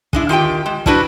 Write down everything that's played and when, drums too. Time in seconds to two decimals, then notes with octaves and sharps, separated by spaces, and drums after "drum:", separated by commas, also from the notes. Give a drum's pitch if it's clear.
0.13 G#3 D4 E4, drum: kick
0.29 D#3 F4 G4 G5
0.66 G#3
0.86 G3 D4 E4 F#4 B4 D5, drum: kick